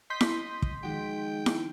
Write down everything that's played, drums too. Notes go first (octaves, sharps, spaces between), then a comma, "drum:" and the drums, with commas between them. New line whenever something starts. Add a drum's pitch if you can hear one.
D#5 C6 G6 B6
drum: snare E4
drum: kick
D#3 F3 G#3 F#4 G5
drum: snare E4